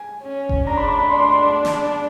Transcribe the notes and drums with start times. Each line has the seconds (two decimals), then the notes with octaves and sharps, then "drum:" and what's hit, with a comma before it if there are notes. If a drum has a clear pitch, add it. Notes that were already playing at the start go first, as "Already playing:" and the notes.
Already playing: G#5
0.23 C#4
0.49 drum: kick F#1
0.66 D4 A#5
0.77 B5
0.88 B5
0.99 B5
1.10 D4 C6
1.20 C6
1.32 C6
1.65 drum: snare